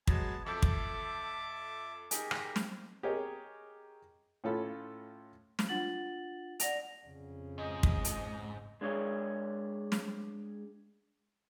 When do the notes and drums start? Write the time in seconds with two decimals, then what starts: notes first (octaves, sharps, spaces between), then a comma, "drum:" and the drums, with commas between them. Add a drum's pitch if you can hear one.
0.07 F#3 G#3 B3 G#5 A5, drum: kick
0.46 F2 A4 E5 A5 D6 G6
0.62 drum: kick
2.11 D#4 G4 G#4 A#4 G#5, drum: hi-hat
2.31 drum: rim click
2.56 drum: snare
3.03 G4 G#4 A#4 C#5 D#5
4.44 A2 C#4 F4 A4 B5
5.59 drum: snare
5.69 D4 F4 F#5 A6 F#7
6.60 D5 F#5 A#6 F7, drum: hi-hat
7.06 F2 C#3
7.58 G#2 D#5
7.83 drum: kick
8.05 drum: hi-hat
8.81 G#3 D4 G#4 C#5
9.92 drum: snare